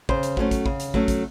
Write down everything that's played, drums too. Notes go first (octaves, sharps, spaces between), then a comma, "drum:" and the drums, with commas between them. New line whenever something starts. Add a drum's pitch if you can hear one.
C#3 C5, drum: kick
drum: hi-hat
F#3 A3 C#4, drum: kick
drum: kick, hi-hat
C#3, drum: kick
drum: hi-hat
F#3 A3 C#4, drum: kick
drum: kick, hi-hat